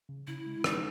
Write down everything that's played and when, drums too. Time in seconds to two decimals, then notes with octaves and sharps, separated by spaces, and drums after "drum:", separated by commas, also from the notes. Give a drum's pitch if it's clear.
0.09 C#3
0.27 C#3 E4
0.47 G#3
0.64 C#4 D#4, drum: rim click